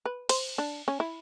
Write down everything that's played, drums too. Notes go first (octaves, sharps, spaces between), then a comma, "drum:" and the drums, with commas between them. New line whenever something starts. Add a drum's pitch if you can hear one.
B4
C5, drum: cymbal
D4
C#4
E4